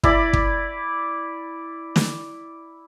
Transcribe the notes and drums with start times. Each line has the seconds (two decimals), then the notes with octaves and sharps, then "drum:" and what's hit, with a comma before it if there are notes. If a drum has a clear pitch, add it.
0.03 E4 D5 B5, drum: kick
0.33 drum: kick
1.96 drum: snare